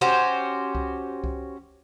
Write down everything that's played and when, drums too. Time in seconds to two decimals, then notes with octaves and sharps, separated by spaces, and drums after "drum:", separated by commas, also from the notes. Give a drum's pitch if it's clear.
0.01 C#4 F#4 G4 C5
0.75 drum: kick C2
1.24 drum: kick C2